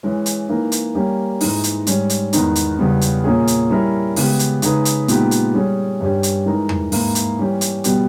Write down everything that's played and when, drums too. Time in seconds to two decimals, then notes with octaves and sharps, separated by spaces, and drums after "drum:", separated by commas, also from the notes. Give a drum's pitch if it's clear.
0.03 E3 G#3 C#4
0.26 drum: hi-hat
0.49 E3 A#3 D#4 A#4
0.72 drum: hi-hat
0.95 G3 A#3 C#4 G4
1.41 G#2 E3 G#3 D#4, drum: open hi-hat
1.64 drum: hi-hat
1.87 G#2 G3 C#4, drum: hi-hat
2.10 drum: hi-hat
2.33 E2 D#3 G#3 B3 D#4, drum: hi-hat
2.55 drum: hi-hat
2.79 E2 C#3 G3 B3
3.01 drum: hi-hat
3.24 A#2 A#3 C#4 G#4
3.47 drum: hi-hat
3.70 G3 C#4 E4 A#4
4.16 C#3 G#3 B3 G4, drum: open hi-hat
4.39 drum: hi-hat
4.62 C#3 G#3 D#4 G#4 B4, drum: hi-hat
4.85 drum: hi-hat
5.08 A#2 G#3 B3 D#4 G4, drum: hi-hat
5.31 drum: hi-hat
5.54 G3 C#4 G#4
6.01 G2 G3 C#4 G4
6.23 drum: hi-hat
6.46 E3 G#3 D#4 A#4
6.69 drum: tom E2
6.92 G#2 E3 A#3 E4, drum: open hi-hat
7.15 drum: hi-hat
7.38 E3 G3 C#4 G4
7.61 drum: hi-hat
7.84 B2 G3 B3 G4, drum: hi-hat